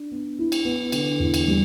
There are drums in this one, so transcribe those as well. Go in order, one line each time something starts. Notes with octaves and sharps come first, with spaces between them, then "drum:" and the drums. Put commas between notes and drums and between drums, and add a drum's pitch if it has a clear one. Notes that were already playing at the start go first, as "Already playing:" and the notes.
Already playing: D4
B3
E4
drum: cymbal
B3
D3, drum: cymbal
E2
drum: cymbal
G3